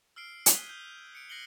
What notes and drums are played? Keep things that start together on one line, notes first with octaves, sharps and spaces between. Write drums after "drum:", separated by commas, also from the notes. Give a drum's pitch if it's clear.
E6 F6 C7 D7
D#6 F#6 G#6 B6 D#7 G7, drum: hi-hat
G6
C#7 D7
F#6 A#6 C7 C#7 F#7 G7